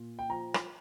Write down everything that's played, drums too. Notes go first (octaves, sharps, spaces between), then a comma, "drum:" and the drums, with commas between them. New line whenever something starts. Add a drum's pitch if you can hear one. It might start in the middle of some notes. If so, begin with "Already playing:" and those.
Already playing: A#2
G5
F3 A#5
drum: rim click